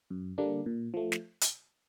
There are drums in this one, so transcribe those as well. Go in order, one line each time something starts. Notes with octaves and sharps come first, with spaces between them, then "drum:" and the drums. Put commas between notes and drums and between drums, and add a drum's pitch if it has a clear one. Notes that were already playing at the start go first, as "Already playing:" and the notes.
F#2
D3 G3 A#3 D4
A#2
F3 A3
drum: snare
drum: hi-hat